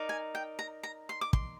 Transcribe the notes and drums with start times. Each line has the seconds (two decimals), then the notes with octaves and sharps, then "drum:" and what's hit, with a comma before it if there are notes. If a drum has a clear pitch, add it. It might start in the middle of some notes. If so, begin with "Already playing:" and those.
Already playing: D#4 A#4 D5
0.09 G#5
0.35 G5
0.59 A#5
0.83 A#5
1.09 C6
1.21 D6
1.33 C6, drum: kick